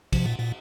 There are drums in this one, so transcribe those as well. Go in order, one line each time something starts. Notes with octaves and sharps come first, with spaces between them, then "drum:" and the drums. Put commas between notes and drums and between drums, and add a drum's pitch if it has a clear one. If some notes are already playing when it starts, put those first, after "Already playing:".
C3 F3, drum: kick, cymbal
A#2
A#2